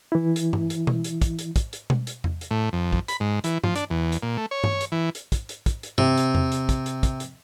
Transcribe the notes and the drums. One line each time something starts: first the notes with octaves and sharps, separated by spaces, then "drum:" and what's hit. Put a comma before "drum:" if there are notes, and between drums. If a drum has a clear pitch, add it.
E3 E4
drum: hi-hat
drum: tom G2
drum: hi-hat
drum: tom B2
drum: hi-hat
drum: kick, hi-hat
drum: hi-hat
drum: kick, hi-hat
drum: hi-hat
drum: tom B2
drum: hi-hat
drum: tom E2
drum: hi-hat
A2
F2
drum: kick
B5, drum: hi-hat
G#2
E3, drum: hi-hat
F3, drum: tom G2
D4, drum: hi-hat
E2
drum: hi-hat
A#2
A3
C#5
drum: tom G2
drum: hi-hat
E3
drum: hi-hat
drum: kick, hi-hat
drum: hi-hat
drum: kick, hi-hat
drum: hi-hat
C3, drum: tom G2
drum: hi-hat
drum: tom E2
drum: hi-hat
drum: kick, hi-hat
drum: hi-hat
drum: kick, hi-hat
drum: hi-hat